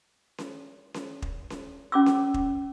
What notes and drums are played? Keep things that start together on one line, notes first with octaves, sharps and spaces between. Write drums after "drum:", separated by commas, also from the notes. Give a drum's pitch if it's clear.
drum: snare C#4
drum: snare C#4
drum: kick
drum: snare C#4
C#4 D6 E6
drum: snare C#4
drum: kick